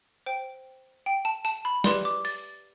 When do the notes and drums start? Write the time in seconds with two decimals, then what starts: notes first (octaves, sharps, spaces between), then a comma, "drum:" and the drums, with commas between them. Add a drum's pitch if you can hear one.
0.26 C5 G5
1.06 G5
1.25 A5
1.45 A5, drum: tambourine
1.65 B5
1.84 G4 B4 D5 C6, drum: snare
2.05 D6
2.25 A6, drum: open hi-hat